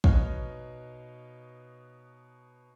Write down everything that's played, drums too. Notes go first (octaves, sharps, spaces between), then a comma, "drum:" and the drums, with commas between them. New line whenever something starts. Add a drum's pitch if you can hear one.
B2 D#4 B4 C#5 F5 F6, drum: kick